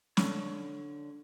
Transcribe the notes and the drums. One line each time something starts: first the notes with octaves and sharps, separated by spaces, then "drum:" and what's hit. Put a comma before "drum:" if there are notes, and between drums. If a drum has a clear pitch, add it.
D3 C#5, drum: snare